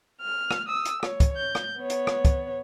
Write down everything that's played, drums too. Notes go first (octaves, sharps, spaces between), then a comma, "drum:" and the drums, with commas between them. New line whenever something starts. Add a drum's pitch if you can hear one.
F6
drum: rim click
D#6 E6
drum: hi-hat
C#5, drum: rim click
drum: kick, hi-hat
G6
drum: rim click
B3 C#5
drum: hi-hat
drum: rim click
drum: kick, hi-hat